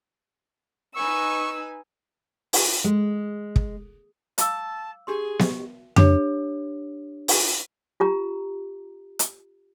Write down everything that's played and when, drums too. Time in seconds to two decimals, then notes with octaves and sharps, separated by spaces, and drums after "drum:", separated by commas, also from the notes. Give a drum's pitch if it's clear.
0.96 D#4 B4 G#5 C#6 E6
2.53 drum: open hi-hat
2.84 G#3
3.56 drum: kick
4.38 F5 A5 D6 E6, drum: hi-hat
5.07 D4 G4 G#4 C6
5.39 G4 D#5, drum: snare B3
5.96 D4 G4 C#5, drum: tom F2
7.28 drum: open hi-hat
8.00 F4 G4 A#5
9.19 drum: hi-hat